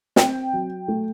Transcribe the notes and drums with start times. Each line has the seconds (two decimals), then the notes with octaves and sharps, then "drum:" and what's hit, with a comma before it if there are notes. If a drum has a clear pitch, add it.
0.16 C4 G5, drum: snare
0.53 F#3
0.88 A3